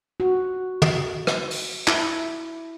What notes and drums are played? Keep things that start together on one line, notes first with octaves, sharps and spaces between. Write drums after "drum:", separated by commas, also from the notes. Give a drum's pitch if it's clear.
F#4
drum: tom
drum: rim click
drum: open hi-hat
E4, drum: clap